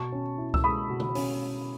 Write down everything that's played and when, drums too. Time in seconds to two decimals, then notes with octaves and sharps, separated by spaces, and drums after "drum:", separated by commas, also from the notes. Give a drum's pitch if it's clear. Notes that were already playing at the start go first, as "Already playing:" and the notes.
Already playing: B2 A5 C#6
0.12 C#4
0.38 E4
0.54 E6, drum: kick C2
0.64 G#3 B5 D#6
0.90 B2
1.00 drum: tom
1.15 C#4, drum: open hi-hat